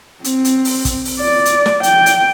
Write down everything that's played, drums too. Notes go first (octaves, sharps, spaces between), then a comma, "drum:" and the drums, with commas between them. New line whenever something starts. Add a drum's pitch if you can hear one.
C4, drum: hi-hat
drum: hi-hat
drum: open hi-hat
drum: kick, hi-hat
drum: open hi-hat
D5
drum: hi-hat
drum: snare
G5, drum: hi-hat
drum: hi-hat